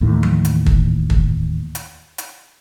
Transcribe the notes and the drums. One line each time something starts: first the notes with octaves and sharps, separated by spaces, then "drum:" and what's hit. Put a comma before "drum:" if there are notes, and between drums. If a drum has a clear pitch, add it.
D#2 A2 E3
drum: tom F3
drum: hi-hat
drum: kick
drum: kick
drum: hi-hat
drum: hi-hat